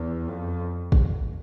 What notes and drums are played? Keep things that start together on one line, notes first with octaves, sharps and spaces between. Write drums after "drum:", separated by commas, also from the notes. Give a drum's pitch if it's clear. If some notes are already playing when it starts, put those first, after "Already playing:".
Already playing: E2
F2
drum: kick